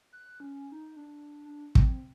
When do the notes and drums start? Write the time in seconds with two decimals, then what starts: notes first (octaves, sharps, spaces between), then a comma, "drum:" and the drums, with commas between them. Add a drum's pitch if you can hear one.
0.12 F#6
0.40 C#4
0.72 D#4
0.96 D4
1.45 D4
1.75 C4, drum: kick